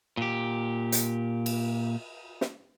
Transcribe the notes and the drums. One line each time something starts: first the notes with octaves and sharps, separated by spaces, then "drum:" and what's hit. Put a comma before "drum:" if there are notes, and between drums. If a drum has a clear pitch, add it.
A#2 G4
drum: hi-hat
drum: cymbal
drum: snare